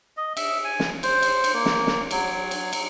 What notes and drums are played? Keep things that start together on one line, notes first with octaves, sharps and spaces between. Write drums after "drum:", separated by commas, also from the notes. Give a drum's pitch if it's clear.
D#5
E5, drum: cymbal
G#5
drum: snare
C5, drum: cymbal
drum: cymbal
drum: cymbal
A#3
drum: snare
drum: snare
F#3, drum: cymbal
drum: cymbal
drum: cymbal